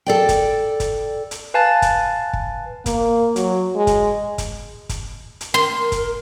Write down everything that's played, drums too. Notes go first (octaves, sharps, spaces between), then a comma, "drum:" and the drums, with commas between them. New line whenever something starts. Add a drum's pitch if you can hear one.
A4 D5 G5
drum: kick, hi-hat
drum: kick, hi-hat
drum: hi-hat
B4 F5 G#5 A5 F#6 A6
drum: kick, hi-hat
drum: kick
A#3, drum: kick, hi-hat
F#3, drum: hi-hat
G#3
drum: kick, hi-hat
drum: kick, hi-hat
drum: kick, hi-hat
drum: hi-hat
A#4 C6
drum: kick, hi-hat